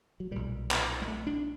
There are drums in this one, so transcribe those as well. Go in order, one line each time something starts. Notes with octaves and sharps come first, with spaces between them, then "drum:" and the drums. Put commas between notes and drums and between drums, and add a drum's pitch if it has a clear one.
F#3
B1 A#2 G3
drum: clap
G#3
A3
D4